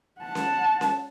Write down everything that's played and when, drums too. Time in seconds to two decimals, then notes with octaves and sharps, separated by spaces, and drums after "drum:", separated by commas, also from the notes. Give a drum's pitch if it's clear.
0.20 F#5 A5
0.35 drum: snare C#4
0.81 drum: snare C#4